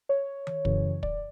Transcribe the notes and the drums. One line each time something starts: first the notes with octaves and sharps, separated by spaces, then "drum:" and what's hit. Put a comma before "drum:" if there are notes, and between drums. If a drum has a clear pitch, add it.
C#5
drum: tom D#3
F#2 C#3 E3, drum: kick
D5, drum: kick